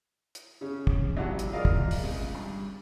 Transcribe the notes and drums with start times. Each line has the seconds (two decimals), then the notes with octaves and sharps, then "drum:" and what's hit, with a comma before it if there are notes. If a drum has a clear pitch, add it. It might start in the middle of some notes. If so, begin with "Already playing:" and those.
0.35 drum: hi-hat
0.61 C#3 C#4
0.87 drum: kick
1.17 A#1 F#3 G3 F#5
1.39 drum: hi-hat
1.53 F4 G#4 A#4 D5 D#5 F5
1.65 drum: kick
1.91 drum: open hi-hat
2.03 C#2
2.35 G2